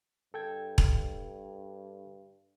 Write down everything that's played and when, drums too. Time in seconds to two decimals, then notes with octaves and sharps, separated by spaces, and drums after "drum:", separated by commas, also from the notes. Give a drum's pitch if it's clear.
0.34 G2 A4 G5 G#6
0.78 drum: kick E1